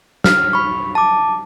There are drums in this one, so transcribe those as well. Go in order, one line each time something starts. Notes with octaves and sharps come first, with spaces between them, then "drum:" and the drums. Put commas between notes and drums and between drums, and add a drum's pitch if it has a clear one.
F6, drum: snare
B5 C#6
A5 D6